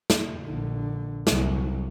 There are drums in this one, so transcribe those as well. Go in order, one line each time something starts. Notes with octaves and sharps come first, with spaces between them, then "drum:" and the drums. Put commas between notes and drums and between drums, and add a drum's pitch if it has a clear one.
drum: snare
A#1 D3
C2 F#3, drum: snare